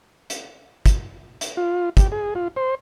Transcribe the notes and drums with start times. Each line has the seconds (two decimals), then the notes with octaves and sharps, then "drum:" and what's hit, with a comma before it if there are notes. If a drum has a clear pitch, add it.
0.30 drum: hi-hat
0.86 drum: kick, hi-hat
1.41 drum: hi-hat
1.57 F4
1.97 G4, drum: kick, hi-hat
2.12 G#4
2.35 F4
2.56 C5